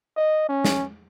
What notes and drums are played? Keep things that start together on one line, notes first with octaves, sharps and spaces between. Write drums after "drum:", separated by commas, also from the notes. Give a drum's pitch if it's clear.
D#5
C#4
drum: snare